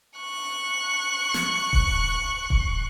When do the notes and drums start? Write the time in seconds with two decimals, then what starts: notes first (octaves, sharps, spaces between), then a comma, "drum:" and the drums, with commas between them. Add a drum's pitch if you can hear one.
0.18 C#6 F#6
1.34 drum: snare
1.73 drum: kick D#1
2.50 drum: kick D#1